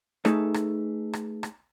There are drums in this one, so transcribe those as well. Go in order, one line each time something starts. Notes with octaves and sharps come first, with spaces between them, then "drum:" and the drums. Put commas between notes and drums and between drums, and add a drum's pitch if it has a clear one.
A3 D#4 G#4 A4 B4, drum: rim click
drum: rim click
drum: rim click
drum: rim click